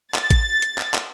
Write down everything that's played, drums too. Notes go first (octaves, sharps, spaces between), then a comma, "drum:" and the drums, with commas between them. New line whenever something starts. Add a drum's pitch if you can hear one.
A6, drum: clap
drum: kick A1, hi-hat
drum: hi-hat
drum: clap
drum: clap